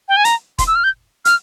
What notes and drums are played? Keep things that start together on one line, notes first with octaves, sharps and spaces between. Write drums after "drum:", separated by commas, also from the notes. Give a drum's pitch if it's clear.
G5
G#5
A#5, drum: hi-hat
C6, drum: kick E1, hi-hat
E6
F6
G6
F6, drum: hi-hat